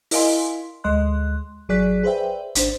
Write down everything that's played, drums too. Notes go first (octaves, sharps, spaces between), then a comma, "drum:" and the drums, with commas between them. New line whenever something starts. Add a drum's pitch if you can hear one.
E4 A#4 D#5 F5 G#5 C6, drum: open hi-hat
D2 G#3 D#5 C6 F#6
G#1 F#3 G#4 D5 F#6 B6
G#4 B4 C5 D5 E5 G5
G#1 D4 C5, drum: hi-hat